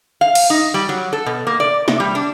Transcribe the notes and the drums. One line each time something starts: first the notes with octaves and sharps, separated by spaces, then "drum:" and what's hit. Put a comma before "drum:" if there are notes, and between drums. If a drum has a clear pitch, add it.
F5
drum: cymbal
D#4
G3
F#3
A4
B2
A#3
D5
C3, drum: snare
G3
D4